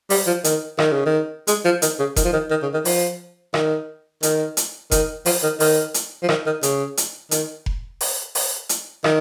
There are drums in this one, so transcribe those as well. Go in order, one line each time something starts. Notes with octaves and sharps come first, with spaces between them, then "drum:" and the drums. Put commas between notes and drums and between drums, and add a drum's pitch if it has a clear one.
G3, drum: open hi-hat
F3
D#3, drum: hi-hat
D#3, drum: rim click
C#3
D#3
G#3, drum: hi-hat
F3
D#3, drum: hi-hat
C#3
D#3, drum: kick F1, hi-hat
F3
D#3
D#3
C#3
D#3
F3, drum: open hi-hat
D#3, drum: rim click
D#3, drum: hi-hat
drum: hi-hat
D#3, drum: kick F1, hi-hat
F3, drum: open hi-hat
D#3
D#3, drum: open hi-hat
drum: hi-hat
F3
D#3, drum: rim click
D#3
C#3, drum: hi-hat
drum: hi-hat
D#3, drum: hi-hat
drum: kick F1
drum: open hi-hat
drum: open hi-hat
drum: hi-hat
D#3, drum: rim click